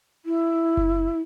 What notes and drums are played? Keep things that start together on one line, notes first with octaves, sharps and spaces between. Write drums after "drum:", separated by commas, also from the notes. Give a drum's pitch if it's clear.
E4
drum: kick F#1